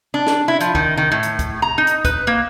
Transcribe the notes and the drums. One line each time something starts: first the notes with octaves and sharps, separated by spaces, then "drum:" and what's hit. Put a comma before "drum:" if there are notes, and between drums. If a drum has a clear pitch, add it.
D4
drum: snare
E4
F3, drum: hi-hat
D#3, drum: kick
D#3
A2
drum: hi-hat
drum: kick, hi-hat
A#5
D#4
drum: hi-hat
B4, drum: kick, hi-hat
A#3